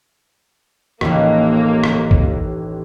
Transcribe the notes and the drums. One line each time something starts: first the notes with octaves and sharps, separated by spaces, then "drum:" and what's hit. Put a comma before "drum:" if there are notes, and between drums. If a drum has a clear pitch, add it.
A1 D#2 A#3, drum: rim click
drum: rim click
drum: kick